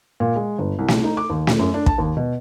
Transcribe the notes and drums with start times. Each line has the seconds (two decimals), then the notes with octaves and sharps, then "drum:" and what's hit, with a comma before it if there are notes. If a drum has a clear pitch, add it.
0.20 A#2
0.36 G#3
0.58 G1
0.79 C2
0.88 drum: snare
1.04 D#4
1.17 D6
1.30 D#2
1.47 drum: snare
1.59 F#2
1.74 D4
1.86 A5, drum: kick
1.98 D#2
2.17 B2